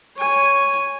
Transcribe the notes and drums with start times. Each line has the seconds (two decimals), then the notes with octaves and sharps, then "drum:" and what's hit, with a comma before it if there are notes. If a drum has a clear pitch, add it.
0.18 C#5 G#5, drum: hi-hat
0.46 drum: hi-hat
0.74 drum: hi-hat